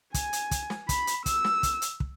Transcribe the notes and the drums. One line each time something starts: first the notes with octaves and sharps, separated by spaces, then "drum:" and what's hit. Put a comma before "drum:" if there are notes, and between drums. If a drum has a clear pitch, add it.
G#5, drum: kick, hi-hat
drum: hi-hat
drum: kick, hi-hat
drum: snare
B5, drum: kick, hi-hat
drum: hi-hat
E6, drum: kick, hi-hat
drum: snare
drum: kick, hi-hat
drum: hi-hat
drum: kick